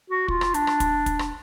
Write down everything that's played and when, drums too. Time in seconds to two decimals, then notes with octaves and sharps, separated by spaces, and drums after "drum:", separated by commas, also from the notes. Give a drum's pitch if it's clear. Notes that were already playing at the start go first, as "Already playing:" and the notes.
0.10 F#4
0.28 F4, drum: kick
0.41 drum: rim click
0.54 D4, drum: hi-hat
0.67 drum: rim click
0.80 drum: kick, hi-hat
1.06 drum: kick, hi-hat
1.19 drum: rim click